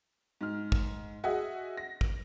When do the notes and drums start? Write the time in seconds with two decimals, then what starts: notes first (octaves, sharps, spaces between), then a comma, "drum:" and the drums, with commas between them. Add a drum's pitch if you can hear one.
0.41 G#2 F6
0.72 drum: kick
1.24 F#4 G#4 D#5 E5 F#5
1.77 A#6
2.01 drum: kick